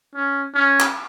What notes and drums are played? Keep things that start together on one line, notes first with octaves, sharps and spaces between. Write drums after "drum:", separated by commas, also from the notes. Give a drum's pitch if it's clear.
C#4
C#4
drum: clap